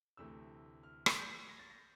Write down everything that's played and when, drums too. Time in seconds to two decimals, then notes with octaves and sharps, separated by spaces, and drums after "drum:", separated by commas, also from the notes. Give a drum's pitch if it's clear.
0.17 D2 C3 E3 A3 E6
0.83 F6
1.06 G#6, drum: rim click
1.19 G6
1.28 G#6
1.49 A#6
1.59 A6
1.70 A#6